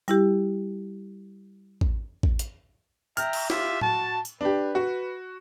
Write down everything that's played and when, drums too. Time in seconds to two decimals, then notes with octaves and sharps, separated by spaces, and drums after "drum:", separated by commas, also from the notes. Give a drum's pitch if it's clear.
0.08 G3 E4 G4, drum: tambourine
1.81 drum: kick A1
2.23 drum: kick A1
2.39 drum: hi-hat
3.17 E5 G5 A#5 F6, drum: tambourine
3.33 drum: cymbal
3.50 F4 G4 E5, drum: snare
3.81 F#4 A5, drum: tom A2
4.25 drum: tambourine
4.41 D4 G4 B4
4.75 F#4